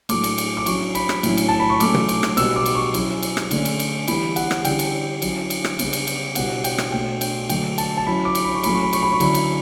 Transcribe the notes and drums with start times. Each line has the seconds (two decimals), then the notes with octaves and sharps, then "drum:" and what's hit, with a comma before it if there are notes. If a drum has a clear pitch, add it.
0.09 A2 F#3 A3 D6, drum: cymbal
0.24 drum: cymbal
0.38 drum: cymbal
0.57 D6
0.66 F#3 C#4 E4 C#6, drum: cymbal
0.95 B5, drum: cymbal
1.09 drum: rim click
1.23 A2 F#3 C#4 E4, drum: cymbal
1.38 drum: cymbal
1.49 A5
1.59 B5
1.70 C#6
1.80 F#3 A3 C#4 E4 D6, drum: cymbal
1.94 drum: tom B2
2.09 D6, drum: cymbal
2.23 drum: rim click
2.37 B2 G3 B3 E6, drum: cymbal
2.56 D6
2.66 drum: cymbal
2.75 C#6
2.94 F#3 C#4 E4, drum: cymbal
3.23 drum: cymbal
3.37 drum: rim click
3.51 D3 A3 C#4, drum: cymbal
3.65 drum: cymbal
3.79 drum: cymbal
4.08 E3 G3 B3 E4 B5, drum: cymbal
4.36 F#5, drum: cymbal
4.51 drum: rim click
4.65 D3 G3 C#4 E4 G5, drum: cymbal
4.79 drum: cymbal
5.22 F#3 C#4 E4, drum: cymbal
5.50 drum: cymbal
5.64 drum: rim click
5.79 C#3 G3 B3 D4, drum: cymbal
5.93 drum: cymbal
6.07 drum: cymbal
6.35 B2 G3 B3 E4 F#5, drum: cymbal
6.64 G5, drum: cymbal
6.78 drum: rim click
6.92 B2 A3 D4 G5
7.21 G5, drum: cymbal
7.49 D3 F#3 A3 G5, drum: cymbal
7.78 A5, drum: cymbal
7.97 A5
8.07 F#3 C#4 E4 B5
8.25 D6
8.35 drum: cymbal
8.44 B5
8.54 C#6
8.63 F#3 A3 C#4 E4 B5, drum: cymbal
8.73 C#6
8.83 B5
8.93 C#6, drum: cymbal
9.03 B5
9.12 C#6
9.20 D3 F#3 C#4 E4 B5, drum: cymbal
9.35 drum: cymbal